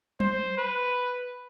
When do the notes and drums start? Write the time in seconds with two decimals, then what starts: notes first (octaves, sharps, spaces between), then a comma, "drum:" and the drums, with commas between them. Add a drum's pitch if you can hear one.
0.20 C5, drum: tom F#3
0.58 B4